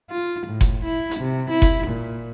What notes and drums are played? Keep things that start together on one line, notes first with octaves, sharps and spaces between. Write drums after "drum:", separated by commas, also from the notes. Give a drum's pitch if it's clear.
F4
A2
drum: kick F#1, hi-hat
E4
drum: hi-hat
C3
E4
drum: kick F#1, hi-hat
A#2